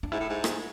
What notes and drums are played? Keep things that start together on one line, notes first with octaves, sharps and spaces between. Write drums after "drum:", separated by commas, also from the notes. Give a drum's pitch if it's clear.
D4
G#2 E4
A2
G#2
drum: rim click